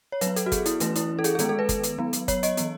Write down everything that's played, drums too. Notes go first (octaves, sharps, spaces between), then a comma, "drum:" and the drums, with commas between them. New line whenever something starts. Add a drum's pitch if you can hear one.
C#5
F#3 B4, drum: hi-hat
B3
A4, drum: hi-hat
F#4
G#4, drum: kick G1, hi-hat
E4, drum: hi-hat
E3 A3 C#4 B4, drum: hi-hat
E4, drum: hi-hat
A4
G#4, drum: hi-hat
G#4
D#3 G#3 B3 A4, drum: hi-hat
A4
B4
drum: kick G1, hi-hat
drum: hi-hat
F#3 B3
drum: hi-hat
C#5, drum: kick G1, hi-hat
D#5, drum: hi-hat
E3 B3, drum: hi-hat